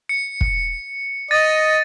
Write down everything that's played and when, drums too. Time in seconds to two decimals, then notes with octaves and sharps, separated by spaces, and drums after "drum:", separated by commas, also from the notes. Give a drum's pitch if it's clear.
0.09 C#7
0.41 drum: kick
1.31 D#5 A6 A#6 D#7